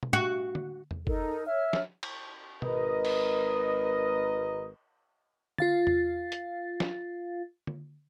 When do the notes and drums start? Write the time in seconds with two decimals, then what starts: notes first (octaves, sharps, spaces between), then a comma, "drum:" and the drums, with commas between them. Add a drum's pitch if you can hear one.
0.03 drum: tom B2
0.13 F#4
0.55 drum: tom D3
0.91 drum: tom E2
1.07 D#4 A4 A#4, drum: kick F#1
1.47 C#5 E5 F6
1.73 drum: snare
2.03 drum: cymbal
2.62 G#1 A#4 B4 D#5, drum: tom B2
3.05 drum: cymbal
5.58 F4 F5 A6, drum: tom D3
5.87 drum: tom E2
6.32 drum: hi-hat
6.80 drum: snare
7.67 drum: tom D3